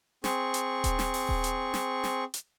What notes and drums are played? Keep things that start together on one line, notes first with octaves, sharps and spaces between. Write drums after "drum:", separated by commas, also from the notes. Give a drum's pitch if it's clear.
C4 G#4 C#6, drum: snare
drum: hi-hat
drum: kick D#1, hi-hat
drum: snare
drum: open hi-hat
drum: kick D#1
drum: hi-hat
drum: snare
drum: snare
drum: hi-hat